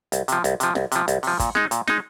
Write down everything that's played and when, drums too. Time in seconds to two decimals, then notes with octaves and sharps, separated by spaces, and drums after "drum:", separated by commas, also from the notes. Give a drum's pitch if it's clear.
0.12 C2, drum: hi-hat
0.28 C3 F3, drum: hi-hat
0.44 C2, drum: hi-hat
0.60 C3 F3, drum: hi-hat
0.75 C2, drum: snare
0.92 C3 F3, drum: hi-hat
1.08 C2, drum: hi-hat
1.23 C3 F3, drum: open hi-hat
1.40 A#2, drum: kick, hi-hat
1.55 G#3 D#4, drum: snare
1.71 A#2, drum: hi-hat
1.88 G#3 D#4, drum: snare